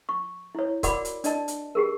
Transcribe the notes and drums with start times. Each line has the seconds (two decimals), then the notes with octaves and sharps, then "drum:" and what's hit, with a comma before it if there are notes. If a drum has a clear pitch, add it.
0.09 C#6
0.55 E4 C#5
0.83 F#4 A#4 D5 F#5 B5 D6, drum: kick C#1, hi-hat
1.05 drum: hi-hat
1.24 D4 D5 D#5 A5, drum: hi-hat
1.48 drum: hi-hat
1.75 G4 G#4 A#4